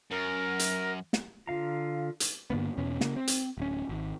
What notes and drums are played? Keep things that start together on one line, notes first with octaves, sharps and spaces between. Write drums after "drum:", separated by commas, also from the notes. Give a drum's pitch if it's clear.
F#2 A#4
drum: hi-hat
drum: snare
D3 F4 F5 A#5
drum: hi-hat
G2 D3 A#3 B3
E2 B2 C#4
C#3 A#3, drum: snare
C4
drum: hi-hat
D1 C#4
G#1